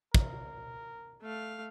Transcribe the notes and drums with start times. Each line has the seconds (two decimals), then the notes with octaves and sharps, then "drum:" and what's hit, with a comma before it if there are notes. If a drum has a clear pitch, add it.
0.15 A#4, drum: kick
1.22 A3 F5